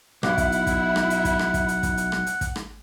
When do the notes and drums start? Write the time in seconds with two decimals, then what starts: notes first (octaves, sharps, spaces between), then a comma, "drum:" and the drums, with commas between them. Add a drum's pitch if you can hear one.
0.23 B1 E4 F#5, drum: rim click
0.38 drum: kick, hi-hat
0.52 drum: hi-hat
0.67 drum: kick, hi-hat
0.96 drum: rim click
1.10 drum: hi-hat
1.25 drum: kick, hi-hat
1.39 drum: rim click
1.54 drum: kick, hi-hat
1.68 drum: hi-hat
1.83 drum: kick, hi-hat
1.97 drum: hi-hat
2.12 drum: rim click
2.27 drum: hi-hat
2.41 drum: kick, hi-hat
2.56 drum: rim click